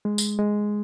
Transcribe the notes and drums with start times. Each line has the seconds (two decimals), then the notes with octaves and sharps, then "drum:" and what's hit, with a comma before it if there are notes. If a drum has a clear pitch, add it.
0.05 G#3
0.18 drum: tambourine
0.39 G#3